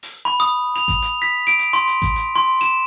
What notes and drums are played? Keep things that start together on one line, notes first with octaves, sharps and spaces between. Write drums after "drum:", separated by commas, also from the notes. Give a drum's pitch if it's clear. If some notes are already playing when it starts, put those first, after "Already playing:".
drum: open hi-hat
B5
D#6
F7, drum: hi-hat
drum: kick A1, hi-hat
drum: hi-hat
B6
D7, drum: hi-hat
drum: hi-hat
C6, drum: hi-hat
drum: hi-hat
drum: kick A1, hi-hat
drum: hi-hat
C6
E7, drum: hi-hat